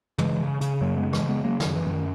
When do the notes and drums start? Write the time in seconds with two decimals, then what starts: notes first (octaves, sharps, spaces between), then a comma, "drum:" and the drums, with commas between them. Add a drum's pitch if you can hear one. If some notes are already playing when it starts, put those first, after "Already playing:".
0.18 C#3 E3 G#3, drum: tom
0.40 C#3
0.61 C#3, drum: hi-hat
0.81 F#2 F#3 A#3
0.97 G#3 B3
1.03 C#3
1.13 E3 G#3, drum: rim click
1.23 C#3
1.29 G#3 B3
1.44 C#3 F#3 A#3
1.60 D#3 F#3, drum: snare
1.65 F#2
1.76 E3
1.86 F#2 E3
1.92 D#3